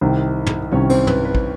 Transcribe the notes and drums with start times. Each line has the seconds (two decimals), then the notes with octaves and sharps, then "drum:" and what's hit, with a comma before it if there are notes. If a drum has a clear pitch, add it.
0.01 C2 C3 D#3
0.46 drum: tom
0.72 C2 C3 D#3 C#4 C#5
0.90 C4 C5, drum: cymbal
1.07 B4, drum: tom
1.25 B4
1.35 drum: kick